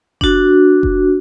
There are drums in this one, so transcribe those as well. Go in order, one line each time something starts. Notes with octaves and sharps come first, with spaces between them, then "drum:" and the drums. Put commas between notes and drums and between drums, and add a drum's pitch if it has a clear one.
D4 F#4, drum: kick F#1
drum: kick F#1